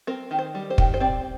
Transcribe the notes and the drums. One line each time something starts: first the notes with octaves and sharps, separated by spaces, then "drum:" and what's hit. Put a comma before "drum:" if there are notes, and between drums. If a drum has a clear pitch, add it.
C4 A#4
D#3
C5
G3
C5
D#3, drum: kick
C5
C4 D5